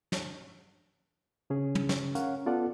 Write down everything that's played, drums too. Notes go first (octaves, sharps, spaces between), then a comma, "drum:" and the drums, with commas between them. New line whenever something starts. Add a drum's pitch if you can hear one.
drum: snare
C#3 C#4 G#4
drum: tom
drum: snare
C#4 A#4 C#5 F5 F#5, drum: hi-hat
B3 F4 A4 D5 F#5